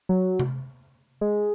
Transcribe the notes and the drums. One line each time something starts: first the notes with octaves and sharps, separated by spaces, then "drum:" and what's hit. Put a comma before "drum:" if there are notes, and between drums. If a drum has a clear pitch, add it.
F#3
drum: tom C3
G#3